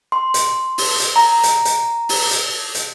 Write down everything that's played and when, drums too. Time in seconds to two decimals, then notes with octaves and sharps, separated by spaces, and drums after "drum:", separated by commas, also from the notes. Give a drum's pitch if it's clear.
0.12 C6
0.34 drum: hi-hat
0.78 drum: open hi-hat
1.00 drum: hi-hat
1.16 A#5
1.43 drum: hi-hat
1.65 drum: hi-hat
2.09 drum: open hi-hat
2.31 drum: hi-hat
2.75 drum: hi-hat